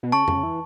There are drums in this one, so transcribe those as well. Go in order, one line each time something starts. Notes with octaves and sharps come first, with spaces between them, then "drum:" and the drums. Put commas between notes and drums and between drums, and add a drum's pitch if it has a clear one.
B2
C#3 A5 C#6
C#3, drum: tom F2
E3